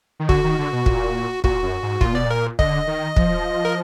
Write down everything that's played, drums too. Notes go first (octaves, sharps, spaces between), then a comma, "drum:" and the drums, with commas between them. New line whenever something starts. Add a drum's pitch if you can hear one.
D#3
D3 F#4, drum: kick
D#3
D3
B2
A#2, drum: kick
A#2 F#4, drum: kick
F#2
G#2
A#2 F4, drum: kick
B2 D5
A#2
A#4
D3 D#5, drum: kick
D#3
F3, drum: kick
A#4